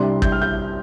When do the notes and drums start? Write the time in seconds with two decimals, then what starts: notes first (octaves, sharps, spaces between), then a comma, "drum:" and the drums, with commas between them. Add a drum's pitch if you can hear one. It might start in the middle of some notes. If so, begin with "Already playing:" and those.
Already playing: C2 C3 G3 D4 C6
0.22 G6, drum: kick
0.32 F6
0.42 G6